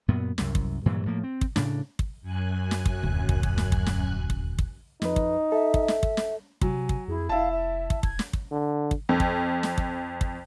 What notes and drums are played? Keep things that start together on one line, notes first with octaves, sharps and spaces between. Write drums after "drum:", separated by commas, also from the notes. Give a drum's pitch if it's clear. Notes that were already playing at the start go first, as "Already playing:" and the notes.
F#2 A#2 B3
C2 F#2, drum: snare
drum: kick
G2 A#2 E3 F#3
A2 F3 A#3
C4
drum: kick
A2 C#3 D4, drum: snare
drum: kick
F#2 G#5 F#6
drum: snare
drum: kick
D#1 D2
drum: kick
drum: kick
drum: snare
drum: kick
drum: snare
drum: kick
drum: kick
F2 D#4 B4, drum: snare
drum: kick
A4 E5
drum: kick
drum: snare
drum: kick
drum: snare
C3 F#3 G#5, drum: kick
drum: kick
F2 E4 G#4
F1 E4 F5 A5
E5
drum: kick
F1 G#6, drum: kick
drum: snare
drum: kick
D3
drum: kick
F2
drum: kick
drum: snare
drum: kick
drum: kick